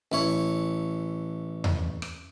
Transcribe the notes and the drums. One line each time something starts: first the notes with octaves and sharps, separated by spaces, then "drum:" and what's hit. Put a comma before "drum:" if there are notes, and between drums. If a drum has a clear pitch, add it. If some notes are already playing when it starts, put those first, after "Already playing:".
A1 E4 C#5
drum: tom E2
drum: rim click